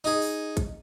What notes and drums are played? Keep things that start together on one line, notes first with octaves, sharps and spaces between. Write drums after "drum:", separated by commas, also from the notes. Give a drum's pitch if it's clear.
D#4 G#4
drum: open hi-hat
drum: kick, hi-hat